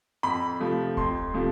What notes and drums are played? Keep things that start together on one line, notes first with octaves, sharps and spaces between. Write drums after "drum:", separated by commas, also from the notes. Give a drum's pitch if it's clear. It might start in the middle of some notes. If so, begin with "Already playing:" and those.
F2 B5
C3 F3 A3
F2 C6, drum: kick D1
C3 F3 A3